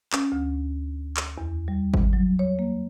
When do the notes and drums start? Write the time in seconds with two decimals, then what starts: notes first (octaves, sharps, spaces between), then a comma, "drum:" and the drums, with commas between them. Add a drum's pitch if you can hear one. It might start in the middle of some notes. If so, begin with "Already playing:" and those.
0.13 C#4, drum: clap
0.32 D2
1.17 drum: clap
1.38 E2
1.68 G3
1.94 drum: kick G#1
2.13 F#3
2.39 C#5
2.59 A#3